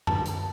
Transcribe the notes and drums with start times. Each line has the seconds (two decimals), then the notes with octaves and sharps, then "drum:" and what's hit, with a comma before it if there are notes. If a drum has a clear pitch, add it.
0.07 A5, drum: tom F#2
0.25 drum: hi-hat